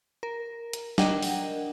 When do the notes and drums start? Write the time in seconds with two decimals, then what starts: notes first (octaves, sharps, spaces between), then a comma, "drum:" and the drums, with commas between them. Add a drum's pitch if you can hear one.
0.23 A#4
0.73 drum: hi-hat
0.98 D4 A#4 D#5 F#5 G5, drum: snare
1.23 drum: open hi-hat